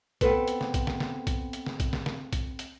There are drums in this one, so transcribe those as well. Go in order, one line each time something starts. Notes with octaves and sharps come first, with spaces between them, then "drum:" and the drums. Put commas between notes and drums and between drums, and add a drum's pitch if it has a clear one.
B3 C4 D4 A4 B4 C5, drum: kick, hi-hat
drum: hi-hat
drum: snare
drum: kick, hi-hat
drum: snare
drum: snare
drum: kick, hi-hat
drum: hi-hat
drum: snare
drum: kick, hi-hat
drum: snare
drum: snare
drum: kick, hi-hat
drum: hi-hat